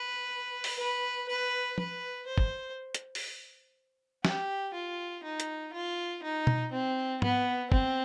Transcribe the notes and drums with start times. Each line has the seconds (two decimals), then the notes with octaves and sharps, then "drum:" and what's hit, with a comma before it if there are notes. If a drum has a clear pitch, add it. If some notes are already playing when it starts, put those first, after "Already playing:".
Already playing: B4
0.64 drum: open hi-hat
0.79 B4
1.28 B4
1.78 B4, drum: tom
2.27 C5
2.38 drum: kick
2.95 drum: hi-hat
3.15 drum: open hi-hat
4.25 G4, drum: snare
4.74 F4
5.24 D#4
5.40 drum: hi-hat
5.74 F4
6.23 D#4
6.47 drum: tom B2
6.72 C4
7.22 B3, drum: tom G#2
7.72 C4, drum: kick